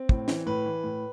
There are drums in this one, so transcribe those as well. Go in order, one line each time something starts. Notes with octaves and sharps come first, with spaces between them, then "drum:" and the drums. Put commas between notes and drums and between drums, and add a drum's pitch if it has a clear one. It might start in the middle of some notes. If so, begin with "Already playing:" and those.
Already playing: C4
A2, drum: kick
E3, drum: snare
A2 B4
E3
A2